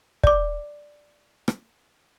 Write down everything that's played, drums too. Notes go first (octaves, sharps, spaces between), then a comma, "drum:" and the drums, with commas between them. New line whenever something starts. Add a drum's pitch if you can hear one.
D5 D6, drum: kick
drum: rim click